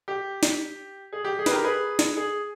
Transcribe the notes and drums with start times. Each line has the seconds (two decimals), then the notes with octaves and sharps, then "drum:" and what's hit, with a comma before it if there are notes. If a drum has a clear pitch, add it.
0.08 G4
0.43 drum: snare
1.13 G#4
1.25 G4
1.39 G#4
1.46 B4, drum: snare
1.51 G4 A#4
1.64 G#4 B4
1.99 drum: snare
2.17 G#4